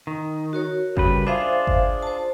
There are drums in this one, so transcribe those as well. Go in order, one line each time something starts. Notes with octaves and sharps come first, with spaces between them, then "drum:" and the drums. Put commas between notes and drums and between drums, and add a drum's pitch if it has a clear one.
D#3
F#4 A#4 C#5
C#3 G3 B4, drum: kick G1
D4 F4 G#4 C5 E5 F5
drum: kick G1
C5 A5